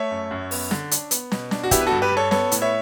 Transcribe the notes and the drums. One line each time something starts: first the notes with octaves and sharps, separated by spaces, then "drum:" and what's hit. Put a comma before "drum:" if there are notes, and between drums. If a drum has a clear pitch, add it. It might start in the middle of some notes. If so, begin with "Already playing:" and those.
Already playing: A3 C#5 E5
F#2
F#2
B3, drum: open hi-hat
D3, drum: snare
D4, drum: hi-hat
B3, drum: hi-hat
B2, drum: snare
D4, drum: snare
F#4
B3 E4 G4, drum: kick, hi-hat
B4
G2 F#4 A4
G4 B4
G2 A4 C#5
B3 A4 C#5, drum: snare
A2, drum: hi-hat
C#5 E5